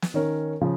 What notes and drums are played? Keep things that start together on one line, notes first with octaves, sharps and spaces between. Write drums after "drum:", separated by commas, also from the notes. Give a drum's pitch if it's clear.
drum: snare
D#3 C#4 A#4 C#5
C#3 F3